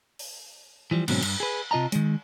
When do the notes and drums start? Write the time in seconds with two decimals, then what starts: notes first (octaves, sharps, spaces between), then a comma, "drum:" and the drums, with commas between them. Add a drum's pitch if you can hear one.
0.19 drum: open hi-hat
0.91 E3 F3 G3
1.08 G#2 B2 D3 F#3 C4 C#4, drum: cymbal
1.22 G2, drum: cymbal
1.40 G#4 B4
1.71 C3 F4 D#5 A5 A#5
1.92 D#3 G#3, drum: hi-hat